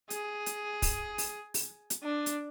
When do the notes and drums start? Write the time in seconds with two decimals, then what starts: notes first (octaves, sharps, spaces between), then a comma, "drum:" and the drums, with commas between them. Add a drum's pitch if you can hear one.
0.10 G#4, drum: hi-hat
0.46 drum: hi-hat
0.82 drum: kick, open hi-hat
1.18 drum: open hi-hat
1.54 drum: open hi-hat
1.90 drum: hi-hat
2.03 D4
2.26 drum: hi-hat